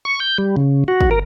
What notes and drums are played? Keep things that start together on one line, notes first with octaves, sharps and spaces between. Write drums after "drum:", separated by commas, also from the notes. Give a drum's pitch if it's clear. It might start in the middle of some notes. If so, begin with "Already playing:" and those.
C#6
G6
G3
C#3
F#4
drum: kick
A#4